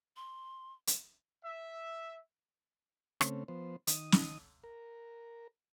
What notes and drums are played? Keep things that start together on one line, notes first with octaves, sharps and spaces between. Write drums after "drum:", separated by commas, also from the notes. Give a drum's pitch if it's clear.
C6
drum: hi-hat
E5
C#3 A3 C4 C#4, drum: rim click
F3 B3 C5
D#3 D#6, drum: hi-hat
drum: snare
A#4